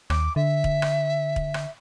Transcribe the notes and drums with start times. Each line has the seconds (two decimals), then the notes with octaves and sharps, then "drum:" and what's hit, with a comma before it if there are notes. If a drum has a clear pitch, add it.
0.10 D#2 D6, drum: rim click
0.36 D3 E5
0.64 drum: kick
0.82 drum: rim click
1.36 drum: kick
1.54 drum: rim click